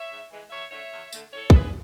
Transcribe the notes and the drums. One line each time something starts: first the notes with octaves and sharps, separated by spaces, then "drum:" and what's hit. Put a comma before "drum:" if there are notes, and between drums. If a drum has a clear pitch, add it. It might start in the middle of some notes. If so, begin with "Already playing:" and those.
Already playing: C#5 E5
G#2
E3 G#3
E2 C#5 E5
D3 A3 C#5 E5
E2
D3 A3, drum: tambourine
A2 A4 C#5
A4, drum: kick
E3 G#3 G#4 B4